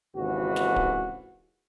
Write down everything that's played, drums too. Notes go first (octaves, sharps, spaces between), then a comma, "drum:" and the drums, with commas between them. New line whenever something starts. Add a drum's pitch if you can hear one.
G#1 D#2 C#3 E3 F#4
drum: snare
drum: kick D1